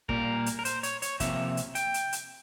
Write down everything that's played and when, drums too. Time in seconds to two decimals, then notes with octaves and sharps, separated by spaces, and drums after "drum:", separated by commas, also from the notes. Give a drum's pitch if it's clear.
0.09 A#2 G3 A#3 A#4, drum: kick
0.46 drum: hi-hat
0.59 A#4
0.65 C5, drum: hi-hat
0.83 C#5, drum: hi-hat
1.02 C#5, drum: hi-hat
1.20 C3 F3 A#3 E5, drum: kick, hi-hat
1.57 drum: hi-hat
1.75 G5, drum: hi-hat
1.94 drum: hi-hat
2.13 drum: hi-hat